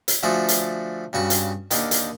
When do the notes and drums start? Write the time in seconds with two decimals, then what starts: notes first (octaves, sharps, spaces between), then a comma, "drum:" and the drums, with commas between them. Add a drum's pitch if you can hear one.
0.08 drum: hi-hat
0.23 D3 F3 A3 F#4 G#4
0.48 drum: hi-hat
1.13 G2 C#3 F#4 C#6
1.30 drum: hi-hat
1.71 D#2 D3 D#3, drum: hi-hat
1.91 drum: hi-hat